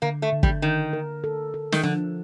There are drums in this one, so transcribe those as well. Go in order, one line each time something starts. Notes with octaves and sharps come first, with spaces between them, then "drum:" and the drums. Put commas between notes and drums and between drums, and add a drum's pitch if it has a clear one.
D3 A#3
A3
D3
G3, drum: kick
D#3 A#4
A#4
A4
A4
D#3, drum: snare
D3 F3